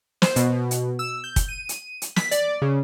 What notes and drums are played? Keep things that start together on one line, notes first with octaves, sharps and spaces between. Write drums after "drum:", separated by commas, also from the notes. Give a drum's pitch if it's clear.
C5, drum: snare
B2, drum: hi-hat
drum: hi-hat
E6
G6
drum: kick, hi-hat
D#7
drum: hi-hat
drum: hi-hat
B6, drum: snare
D5, drum: hi-hat
C#3